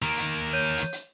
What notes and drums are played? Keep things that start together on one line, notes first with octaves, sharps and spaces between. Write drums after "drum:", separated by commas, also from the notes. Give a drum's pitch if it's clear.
D#3 A#3
drum: hi-hat
C#5 G6 D#7
drum: hi-hat
drum: hi-hat